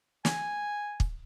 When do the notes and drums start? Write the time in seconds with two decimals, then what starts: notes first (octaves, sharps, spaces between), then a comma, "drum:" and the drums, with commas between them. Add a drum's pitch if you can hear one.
0.25 G#5, drum: snare
1.00 drum: kick